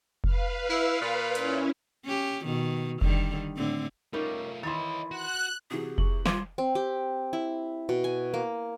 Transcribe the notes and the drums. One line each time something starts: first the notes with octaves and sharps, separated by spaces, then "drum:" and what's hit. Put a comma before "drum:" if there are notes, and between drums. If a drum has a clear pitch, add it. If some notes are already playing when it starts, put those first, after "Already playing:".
B4 F5, drum: kick F1
E4
A#2
C#4 E4, drum: hi-hat
C#4 G4
B2 D#3
D3 D#3 G3, drum: kick F1
A2 D3 C4
G3 A3 C#4 D#4 F4 A#4
D#3 E3 E4 C#5 D#5 C6 A6
F#4 F#6
C3 E3 F#4 G#4
C#6 F#7, drum: kick F1
G3 F4 F5 C6 D6 G#6, drum: snare
C4
G4
E4
B2
G#5
A#3